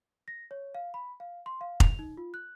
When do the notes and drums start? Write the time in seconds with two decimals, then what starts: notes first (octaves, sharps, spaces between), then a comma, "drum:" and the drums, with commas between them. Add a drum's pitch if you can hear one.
0.28 A#6
0.51 C#5
0.75 F5
0.94 B5
1.20 F5
1.46 C6
1.61 F5
1.80 F7, drum: kick F1
1.99 D#4
2.17 F4
2.34 F#6